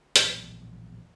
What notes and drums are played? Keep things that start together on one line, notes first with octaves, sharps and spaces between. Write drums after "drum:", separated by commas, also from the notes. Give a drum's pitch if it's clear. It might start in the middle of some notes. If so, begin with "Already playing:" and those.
A#1 E2 A2 F#3, drum: hi-hat